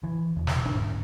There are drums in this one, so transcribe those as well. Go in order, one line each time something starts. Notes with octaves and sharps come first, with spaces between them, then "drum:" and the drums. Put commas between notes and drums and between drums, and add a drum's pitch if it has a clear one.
E3
E1
drum: snare
D1 G#2 C3 D4